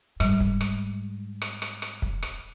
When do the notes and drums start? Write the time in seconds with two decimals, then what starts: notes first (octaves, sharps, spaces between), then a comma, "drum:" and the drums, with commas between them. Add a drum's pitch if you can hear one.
0.20 G#2 G3, drum: rim click
0.40 drum: kick
0.61 drum: rim click
1.42 drum: rim click
1.62 drum: rim click
1.82 drum: rim click
2.02 drum: kick
2.22 drum: rim click